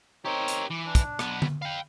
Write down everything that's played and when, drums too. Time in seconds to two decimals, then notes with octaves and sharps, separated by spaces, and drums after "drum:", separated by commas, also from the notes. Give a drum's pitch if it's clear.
0.25 C4 D#4 G4 A#4 C#5
0.48 drum: hi-hat
0.70 E3 D6
0.86 D4
0.95 drum: kick, hi-hat
1.19 B1 B3, drum: rim click
1.42 drum: tom D3
1.62 F5 G5 B5